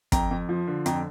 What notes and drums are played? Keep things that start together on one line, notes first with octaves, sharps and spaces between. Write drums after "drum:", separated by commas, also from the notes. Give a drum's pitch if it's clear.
F2 G5 A#5, drum: kick, hi-hat
F2
F3
D3
F2 G5 A#5, drum: hi-hat